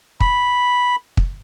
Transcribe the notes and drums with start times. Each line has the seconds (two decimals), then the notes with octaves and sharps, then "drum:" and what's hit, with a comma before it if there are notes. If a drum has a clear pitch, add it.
0.20 B5, drum: kick
1.17 drum: kick